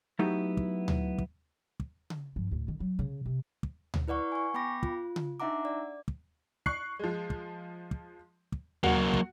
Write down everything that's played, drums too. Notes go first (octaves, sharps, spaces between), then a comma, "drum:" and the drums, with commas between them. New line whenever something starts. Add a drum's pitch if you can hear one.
F#3 A3 B3 D#4 E4 G4
drum: kick
drum: tom D2
drum: kick
drum: kick
drum: tom C#3
G2 F3
D2 A2
D#3
F#3
C#3
C3
drum: kick
drum: tom D2
E4 B4 D5 F#5 C#6
G#5 C#6
B3 G5 B5 D6 A#6
F4, drum: kick
drum: tom C#3
D4 D#4 E5 F#5 A#5 D6
D5
drum: kick
C#6 F#6 C7, drum: kick
F3 G#3
drum: kick
drum: kick
drum: kick
F#3 A#3 F#4, drum: tom D2
drum: kick